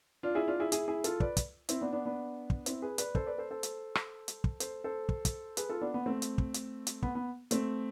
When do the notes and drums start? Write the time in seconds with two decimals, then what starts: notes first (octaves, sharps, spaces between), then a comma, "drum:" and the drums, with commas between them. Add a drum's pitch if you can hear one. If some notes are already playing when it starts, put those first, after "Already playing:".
0.23 D4 F4
0.35 E4 G#4
0.48 D4 F4
0.60 E4 G#4
0.72 E4 G#4, drum: hi-hat
0.88 E4 G#4
1.04 F4 A4, drum: hi-hat
1.20 B4 D5, drum: kick
1.37 drum: kick, hi-hat
1.69 C4 E4, drum: hi-hat
1.81 B3 D4
1.93 B3 D4
2.06 B3 D4
2.50 drum: kick
2.66 C4 E4, drum: hi-hat
2.82 G#4 B4
2.98 B4 D5, drum: hi-hat
3.15 A4 C5, drum: kick
3.26 B4 D5
3.38 A4 C5
3.50 A4 C5
3.63 drum: hi-hat
3.95 drum: rim click
4.28 drum: hi-hat
4.44 drum: kick
4.60 A4 C5, drum: hi-hat
4.84 A4 C5
5.09 drum: kick
5.25 drum: kick, hi-hat
5.57 G#4 B4, drum: hi-hat
5.69 F4 A4
5.81 B3 D4
5.94 B3
6.06 A3 C4
6.22 drum: hi-hat
6.38 drum: kick
6.54 drum: hi-hat
6.87 drum: hi-hat
7.03 B3, drum: kick
7.15 B3
7.51 A3 C4, drum: hi-hat